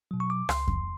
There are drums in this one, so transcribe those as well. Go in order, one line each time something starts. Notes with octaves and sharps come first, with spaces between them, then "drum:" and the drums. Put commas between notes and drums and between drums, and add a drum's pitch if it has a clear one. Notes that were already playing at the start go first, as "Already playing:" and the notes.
B2 F#3
C#6
D6
C#2 C6, drum: rim click
drum: kick F2